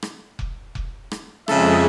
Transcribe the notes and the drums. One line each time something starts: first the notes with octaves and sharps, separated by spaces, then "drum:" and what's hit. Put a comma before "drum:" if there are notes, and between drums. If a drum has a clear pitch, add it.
drum: rim click
drum: kick F1
drum: kick F1
drum: rim click
F2 C#3 G#3 A4 E5, drum: rim click